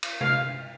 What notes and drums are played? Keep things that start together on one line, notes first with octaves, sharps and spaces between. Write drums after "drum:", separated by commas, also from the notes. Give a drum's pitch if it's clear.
drum: cymbal
F5, drum: tom C3